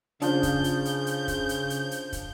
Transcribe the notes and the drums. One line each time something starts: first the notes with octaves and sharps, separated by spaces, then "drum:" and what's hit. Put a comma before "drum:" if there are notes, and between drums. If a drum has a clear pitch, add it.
C#3 F3 D4 G6, drum: hi-hat
drum: kick, hi-hat
drum: hi-hat
drum: hi-hat
drum: hi-hat
drum: kick, hi-hat
drum: hi-hat
drum: hi-hat
drum: hi-hat
drum: kick, hi-hat